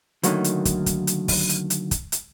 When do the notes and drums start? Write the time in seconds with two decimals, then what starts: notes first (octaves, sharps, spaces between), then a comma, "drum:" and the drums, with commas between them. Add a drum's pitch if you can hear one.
0.23 D3 D#3 F#3 A3 A#3 D#4, drum: hi-hat
0.44 drum: hi-hat
0.65 drum: kick, hi-hat
0.86 drum: kick, hi-hat
1.07 drum: hi-hat
1.28 drum: kick, open hi-hat
1.49 drum: hi-hat
1.70 drum: hi-hat
1.91 drum: kick, hi-hat
2.12 drum: hi-hat